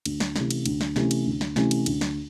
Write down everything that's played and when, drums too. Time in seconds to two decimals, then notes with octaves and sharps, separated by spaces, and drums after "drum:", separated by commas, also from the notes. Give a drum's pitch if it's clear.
0.05 D2, drum: cymbal
0.20 drum: snare
0.36 C3 E3 A3 C#4, drum: snare
0.51 drum: cymbal
0.66 D2, drum: cymbal
0.81 drum: snare
0.96 C3 E3 A3 C#4, drum: snare
1.11 drum: cymbal
1.26 D2
1.41 drum: snare
1.56 C3 E3 A3 C#4, drum: snare
1.71 drum: cymbal
1.86 D2, drum: cymbal
2.01 drum: snare